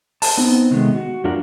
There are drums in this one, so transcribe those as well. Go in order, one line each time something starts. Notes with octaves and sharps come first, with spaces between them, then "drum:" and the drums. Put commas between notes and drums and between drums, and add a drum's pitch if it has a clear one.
A5, drum: open hi-hat
B3 C4 D#4
C3 D#3 G#3 A3 B3
F#4
F2 A3 D4 F4 A#4 F#5